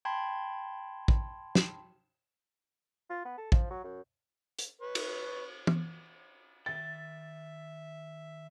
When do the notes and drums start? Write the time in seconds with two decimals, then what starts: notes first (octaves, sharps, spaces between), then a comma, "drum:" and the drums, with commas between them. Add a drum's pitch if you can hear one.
0.05 G5 A5 B5 C6 G#6
1.08 drum: kick
1.55 drum: snare
3.10 F4
3.25 B3
3.38 A4
3.52 F3, drum: kick
3.70 F#3
3.84 F#2
4.59 drum: hi-hat
4.82 B4 C#5
4.95 drum: cymbal
5.67 drum: tom
6.66 D#3 E5 G5 A6